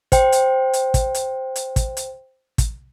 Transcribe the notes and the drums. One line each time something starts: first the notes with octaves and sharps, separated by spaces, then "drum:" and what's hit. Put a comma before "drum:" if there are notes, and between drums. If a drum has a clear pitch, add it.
C5 G5, drum: kick, hi-hat
drum: hi-hat
drum: hi-hat
drum: kick, hi-hat
drum: hi-hat
drum: hi-hat
drum: kick, hi-hat
drum: hi-hat
drum: kick, hi-hat